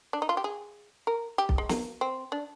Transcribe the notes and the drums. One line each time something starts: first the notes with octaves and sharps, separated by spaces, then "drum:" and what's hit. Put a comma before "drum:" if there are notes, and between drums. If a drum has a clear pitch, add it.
D4
D#4
F4
G4
G#4
A#4
G4
drum: kick B1
G#3
A#3, drum: snare
C4
D4